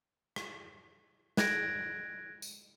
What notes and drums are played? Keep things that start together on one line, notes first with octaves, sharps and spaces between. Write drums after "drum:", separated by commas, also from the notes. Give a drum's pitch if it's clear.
drum: rim click
F#6 G#6 A#6 D7, drum: snare
drum: tambourine